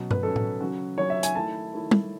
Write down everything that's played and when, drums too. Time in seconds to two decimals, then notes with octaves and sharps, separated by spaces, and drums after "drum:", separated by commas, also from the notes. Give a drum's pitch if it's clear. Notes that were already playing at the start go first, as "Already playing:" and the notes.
Already playing: B2 F#3 C#4
0.11 B4, drum: tom G2
0.23 B2 F#3 C#4 A4
0.36 drum: tom A2
0.60 C#3 F#3 C#4 F#4
0.98 C#3 F#3 C#4 F#4 C#5
1.10 E5
1.23 G#5, drum: hi-hat
1.35 D#3 A3 E4 A5
1.73 D#3 A3 E4
1.91 drum: tom